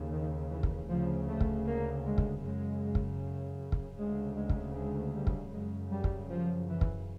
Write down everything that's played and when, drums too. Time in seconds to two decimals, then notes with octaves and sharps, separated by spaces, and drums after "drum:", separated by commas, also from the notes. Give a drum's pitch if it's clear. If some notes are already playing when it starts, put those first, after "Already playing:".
Already playing: D#2 C#3
0.11 D#3
0.51 E3
0.63 drum: kick
0.89 D2 C#3 F3
1.28 A3
1.41 drum: kick
1.66 A#3
2.05 G#3
2.18 drum: kick
2.43 F#2 C#3 G#3
2.95 drum: kick
3.72 drum: kick
3.98 D2 C#3 G#3
4.36 G#3
4.50 drum: kick
4.76 G#3
5.14 G3
5.27 drum: kick
5.52 F#2 C#3 G#3
5.91 G3
6.04 drum: kick
6.30 F3
6.69 E3
6.81 drum: kick